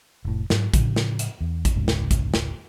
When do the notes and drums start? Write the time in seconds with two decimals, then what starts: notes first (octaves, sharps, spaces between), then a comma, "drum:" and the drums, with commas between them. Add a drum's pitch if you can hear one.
0.25 F1 A2
0.50 G#2 F#3, drum: snare
0.74 A2 C#3 F3, drum: kick A1, hi-hat
0.96 drum: snare
1.19 drum: hi-hat
1.41 E2
1.65 drum: kick A1, hi-hat
1.76 F1 C#2 G#2 C#3
1.88 drum: snare
2.11 drum: kick A1, hi-hat
2.34 drum: snare